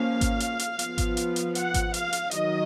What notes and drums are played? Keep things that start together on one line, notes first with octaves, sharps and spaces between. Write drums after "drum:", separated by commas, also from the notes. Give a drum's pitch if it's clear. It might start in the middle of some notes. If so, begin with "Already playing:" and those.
Already playing: F3 A#3 C#4 F5
drum: kick G#1, hi-hat
drum: hi-hat
drum: hi-hat
F3 B3, drum: hi-hat
drum: kick G#1, hi-hat
drum: hi-hat
drum: hi-hat
F#5, drum: hi-hat
drum: kick G#1, hi-hat
F5, drum: hi-hat
drum: hi-hat
D#3 F#3 D#5, drum: hi-hat